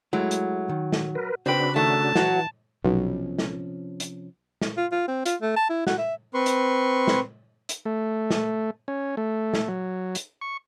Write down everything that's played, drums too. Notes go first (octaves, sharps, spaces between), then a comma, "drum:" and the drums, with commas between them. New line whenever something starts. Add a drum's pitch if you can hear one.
F#3 G#3 A3 E4
drum: hi-hat
D#3
drum: snare
A#4 B4
C#3 C4 D4 F#4 B4 C5 G5 B5
D#3 A3 A5
E3 F#3 F#4, drum: snare
B1 C3 F3 C#4
drum: snare
drum: hi-hat
drum: snare
F4
F4
C4
F4, drum: hi-hat
A3
A5
E4
F#4, drum: snare
E5
C4 B4 C6 C#6
drum: hi-hat
drum: snare
drum: hi-hat
A3
drum: snare
C#4
A3
drum: snare
F#3
drum: hi-hat
C#6